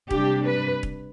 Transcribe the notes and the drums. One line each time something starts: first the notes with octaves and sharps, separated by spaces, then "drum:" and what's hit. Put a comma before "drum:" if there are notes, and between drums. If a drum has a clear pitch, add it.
C3 G3 D4 G4, drum: kick E1
B4
drum: kick E1